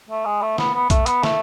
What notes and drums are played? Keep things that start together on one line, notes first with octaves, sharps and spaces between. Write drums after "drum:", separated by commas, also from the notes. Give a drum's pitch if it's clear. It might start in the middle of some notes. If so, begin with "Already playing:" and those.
A3
G#3
A3
B3, drum: snare
B3
A3, drum: kick B1, hi-hat
B3, drum: hi-hat
A3, drum: snare